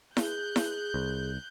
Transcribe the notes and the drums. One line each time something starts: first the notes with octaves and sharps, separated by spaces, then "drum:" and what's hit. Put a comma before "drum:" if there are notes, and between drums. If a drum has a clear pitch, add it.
G#4 F#6 G6, drum: snare E4
drum: snare E4
C2